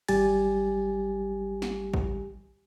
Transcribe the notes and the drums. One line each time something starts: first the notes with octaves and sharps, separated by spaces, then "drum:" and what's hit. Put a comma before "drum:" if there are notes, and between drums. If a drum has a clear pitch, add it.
G#1 G3 G4 G#5 A6, drum: cymbal
drum: snare
drum: kick